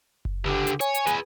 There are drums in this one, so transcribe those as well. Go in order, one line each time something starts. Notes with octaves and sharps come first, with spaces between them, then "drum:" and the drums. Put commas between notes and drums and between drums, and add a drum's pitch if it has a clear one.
drum: kick F#1
C#2 D3 G4
drum: hi-hat
C#5 G#5, drum: hi-hat
drum: hi-hat
G#4 B4, drum: hi-hat